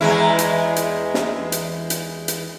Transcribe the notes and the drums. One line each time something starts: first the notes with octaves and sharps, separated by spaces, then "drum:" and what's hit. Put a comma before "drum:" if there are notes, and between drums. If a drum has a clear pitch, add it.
E2 G#3 E4
drum: hi-hat
drum: hi-hat
drum: snare
drum: hi-hat
drum: hi-hat
drum: hi-hat